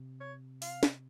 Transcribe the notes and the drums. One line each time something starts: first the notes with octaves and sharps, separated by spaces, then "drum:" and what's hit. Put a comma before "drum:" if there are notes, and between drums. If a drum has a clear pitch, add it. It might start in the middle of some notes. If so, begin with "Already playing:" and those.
Already playing: C3
C#5
F5, drum: open hi-hat
drum: snare